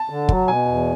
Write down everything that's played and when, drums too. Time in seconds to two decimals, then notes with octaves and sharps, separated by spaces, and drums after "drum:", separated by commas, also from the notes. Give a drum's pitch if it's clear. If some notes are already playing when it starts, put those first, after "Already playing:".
Already playing: A5
0.10 D3
0.29 F#3, drum: kick
0.48 B2 G#5
0.67 E2